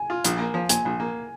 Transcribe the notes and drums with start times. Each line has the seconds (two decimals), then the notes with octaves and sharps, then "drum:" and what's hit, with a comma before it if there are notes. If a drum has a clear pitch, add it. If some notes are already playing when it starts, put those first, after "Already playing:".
Already playing: G#5
0.10 F4
0.25 A#1, drum: hi-hat
0.39 A#3
0.54 F3
0.69 A#2 G#5, drum: hi-hat
0.85 A#1
1.00 A#3